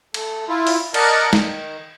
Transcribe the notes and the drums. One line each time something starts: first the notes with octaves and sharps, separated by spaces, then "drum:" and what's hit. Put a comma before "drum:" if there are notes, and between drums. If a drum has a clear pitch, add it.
A3, drum: cymbal
E4 F4
drum: open hi-hat
A#4 D5 D#5 F#5 A5, drum: cymbal
D#3, drum: snare